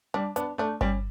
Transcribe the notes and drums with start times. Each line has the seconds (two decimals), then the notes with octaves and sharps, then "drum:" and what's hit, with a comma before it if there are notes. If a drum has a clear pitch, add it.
0.14 G3 D4
0.36 B3 D4, drum: hi-hat
0.58 A3 D4
0.81 G3 C#4, drum: kick G1